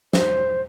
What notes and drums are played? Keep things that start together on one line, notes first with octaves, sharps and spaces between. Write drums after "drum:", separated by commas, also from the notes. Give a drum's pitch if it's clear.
C5, drum: snare